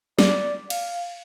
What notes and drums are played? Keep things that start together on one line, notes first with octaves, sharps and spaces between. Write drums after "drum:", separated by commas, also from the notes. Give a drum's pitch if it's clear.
D5, drum: snare
F5, drum: cymbal